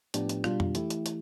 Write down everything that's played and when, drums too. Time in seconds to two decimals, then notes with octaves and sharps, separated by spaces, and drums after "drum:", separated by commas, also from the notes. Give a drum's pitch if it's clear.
0.14 A2 F3 B3 D4 G4, drum: hi-hat
0.29 drum: hi-hat
0.44 B2 G3 D4 F4, drum: rim click
0.60 drum: tom F2
0.75 E3 A3 E4 G4, drum: hi-hat
0.90 drum: hi-hat
1.06 drum: hi-hat